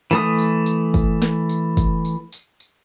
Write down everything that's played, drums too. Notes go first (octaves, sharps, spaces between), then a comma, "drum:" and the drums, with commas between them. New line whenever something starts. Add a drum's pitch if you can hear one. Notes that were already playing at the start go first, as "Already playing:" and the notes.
E3 A3 D#6, drum: tambourine
drum: tambourine
drum: tambourine
drum: kick, tambourine
drum: snare
drum: tambourine
drum: kick, tambourine
drum: tambourine
drum: tambourine
drum: tambourine